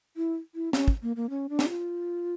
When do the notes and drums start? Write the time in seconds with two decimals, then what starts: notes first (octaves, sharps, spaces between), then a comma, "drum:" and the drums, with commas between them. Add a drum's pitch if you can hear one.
0.17 E4
0.55 E4
0.73 C#4, drum: snare
0.88 drum: kick
1.02 A#3
1.16 A#3
1.30 C#4
1.49 D4
1.59 drum: snare
1.69 F4